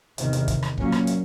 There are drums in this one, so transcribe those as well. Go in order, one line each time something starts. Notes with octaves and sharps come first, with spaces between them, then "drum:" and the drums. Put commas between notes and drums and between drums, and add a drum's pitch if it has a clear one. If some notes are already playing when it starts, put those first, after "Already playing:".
E2 C3 D#3, drum: hi-hat
drum: hi-hat
drum: kick, hi-hat
drum: rim click
A#2 F#3 A#3 C#4, drum: kick
drum: rim click
drum: hi-hat